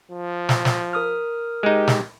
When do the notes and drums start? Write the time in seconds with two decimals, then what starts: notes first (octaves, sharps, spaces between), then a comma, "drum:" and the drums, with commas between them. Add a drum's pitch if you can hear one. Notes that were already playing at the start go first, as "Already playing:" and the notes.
0.11 F3
0.49 drum: snare
0.65 drum: snare
0.93 A#4 D#6 F6
1.63 G#3 D#4 G4
1.87 drum: snare